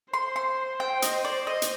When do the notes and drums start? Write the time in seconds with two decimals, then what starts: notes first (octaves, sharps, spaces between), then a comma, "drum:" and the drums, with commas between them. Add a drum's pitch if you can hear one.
0.14 C5 C6
0.36 C6
0.80 G5
1.02 D#5, drum: hi-hat
1.25 D5
1.47 D#5
1.62 drum: hi-hat